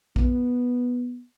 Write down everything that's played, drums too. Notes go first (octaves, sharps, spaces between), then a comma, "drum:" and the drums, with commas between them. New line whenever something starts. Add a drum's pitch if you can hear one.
B3, drum: kick